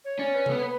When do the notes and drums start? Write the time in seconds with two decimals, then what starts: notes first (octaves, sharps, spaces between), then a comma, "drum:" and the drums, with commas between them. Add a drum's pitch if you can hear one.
0.05 C#5
0.19 C#4 D5
0.34 B4
0.46 B3 A4, drum: tom C3
0.58 C#5
0.63 B4